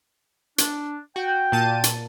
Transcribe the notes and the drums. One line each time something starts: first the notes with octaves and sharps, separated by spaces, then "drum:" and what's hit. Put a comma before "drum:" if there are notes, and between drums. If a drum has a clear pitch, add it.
D4, drum: hi-hat
F#4 G5
A#2 A5 D#7
drum: hi-hat